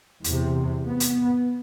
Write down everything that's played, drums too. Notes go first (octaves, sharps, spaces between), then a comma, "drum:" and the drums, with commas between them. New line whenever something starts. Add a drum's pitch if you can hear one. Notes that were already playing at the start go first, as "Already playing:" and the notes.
E2 C3, drum: hi-hat
B3
drum: hi-hat